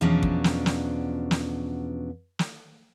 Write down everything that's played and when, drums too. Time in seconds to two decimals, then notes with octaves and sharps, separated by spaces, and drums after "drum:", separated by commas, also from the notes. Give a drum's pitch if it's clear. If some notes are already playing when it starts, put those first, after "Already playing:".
0.01 E2 B2 F3 F#3 C#4 D4
0.23 drum: kick
0.44 drum: snare
0.66 drum: snare
1.31 drum: snare
2.39 drum: snare